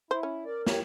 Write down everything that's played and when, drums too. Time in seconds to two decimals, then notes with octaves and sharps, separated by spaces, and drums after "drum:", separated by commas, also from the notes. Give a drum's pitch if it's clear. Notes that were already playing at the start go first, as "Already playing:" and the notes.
0.11 E4 C5
0.23 C#4
0.44 A#4 D5
0.66 G4 C#5, drum: snare